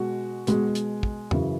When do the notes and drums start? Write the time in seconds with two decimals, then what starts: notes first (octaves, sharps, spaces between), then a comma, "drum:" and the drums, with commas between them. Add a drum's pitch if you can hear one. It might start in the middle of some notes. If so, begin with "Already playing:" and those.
Already playing: B2 G#3 F#4
0.47 B2 G#3, drum: hi-hat
0.75 drum: hi-hat
1.03 drum: kick
1.31 F#2 C#3 E3, drum: tom E2